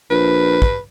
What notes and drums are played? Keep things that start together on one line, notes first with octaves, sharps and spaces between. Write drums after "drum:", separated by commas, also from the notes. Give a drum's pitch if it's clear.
A#1 B4
drum: kick